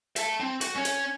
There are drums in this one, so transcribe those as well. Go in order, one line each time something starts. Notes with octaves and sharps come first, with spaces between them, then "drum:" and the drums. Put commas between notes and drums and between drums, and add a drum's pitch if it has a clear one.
E5 A5, drum: hi-hat
C4
F#4, drum: hi-hat
C#4 C#5
drum: hi-hat